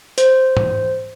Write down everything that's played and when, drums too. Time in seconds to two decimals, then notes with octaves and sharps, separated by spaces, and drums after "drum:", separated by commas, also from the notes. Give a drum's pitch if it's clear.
0.18 C5, drum: hi-hat
0.57 drum: tom